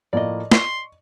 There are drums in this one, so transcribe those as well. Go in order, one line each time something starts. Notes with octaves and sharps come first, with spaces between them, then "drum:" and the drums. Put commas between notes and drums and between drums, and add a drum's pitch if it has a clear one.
A2 F3 A#3 D5 D#5
C6 C#6, drum: snare